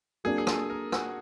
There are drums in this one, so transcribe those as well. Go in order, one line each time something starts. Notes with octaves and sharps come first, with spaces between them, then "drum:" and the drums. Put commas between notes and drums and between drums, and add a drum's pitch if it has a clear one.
F#3 A#3 D4 G#4
G#4
A4, drum: rim click
A#4
F#4, drum: rim click